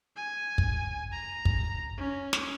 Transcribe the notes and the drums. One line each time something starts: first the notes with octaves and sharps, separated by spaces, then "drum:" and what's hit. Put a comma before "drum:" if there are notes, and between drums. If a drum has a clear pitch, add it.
G#5
drum: kick
A#5
drum: kick
C#4
drum: snare